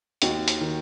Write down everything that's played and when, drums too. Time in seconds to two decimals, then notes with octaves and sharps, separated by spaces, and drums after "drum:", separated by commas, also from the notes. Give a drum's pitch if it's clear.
0.22 D#2 D#4 F#4, drum: hi-hat
0.48 drum: hi-hat
0.61 D#3